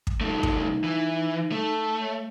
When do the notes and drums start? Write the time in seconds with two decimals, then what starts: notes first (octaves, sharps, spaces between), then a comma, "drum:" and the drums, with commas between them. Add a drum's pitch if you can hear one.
0.07 drum: kick
0.21 C2 A3 D#4
0.43 drum: kick
0.84 E3
1.52 A3
1.99 C#5